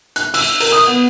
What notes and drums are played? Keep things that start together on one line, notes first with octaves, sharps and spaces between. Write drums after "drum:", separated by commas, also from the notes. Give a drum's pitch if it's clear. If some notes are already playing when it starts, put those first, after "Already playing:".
F#6, drum: hi-hat
E6, drum: cymbal
A#4, drum: cymbal
D#6
B3